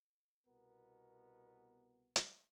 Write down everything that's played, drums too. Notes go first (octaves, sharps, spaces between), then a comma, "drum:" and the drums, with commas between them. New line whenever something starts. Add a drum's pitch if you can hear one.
C2 B2 B3 A#4
drum: hi-hat